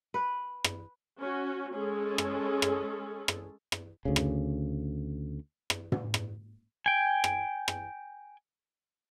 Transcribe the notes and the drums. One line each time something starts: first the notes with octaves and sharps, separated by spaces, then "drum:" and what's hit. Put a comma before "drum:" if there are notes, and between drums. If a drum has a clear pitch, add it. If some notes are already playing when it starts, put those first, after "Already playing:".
B4
drum: rim click
C#4 F#4
G#3 C#4 G#4 A4
drum: rim click
drum: rim click
drum: rim click
drum: rim click
D2 C#3
drum: rim click
drum: rim click
drum: tom
drum: rim click
G5 G#5
drum: rim click
drum: rim click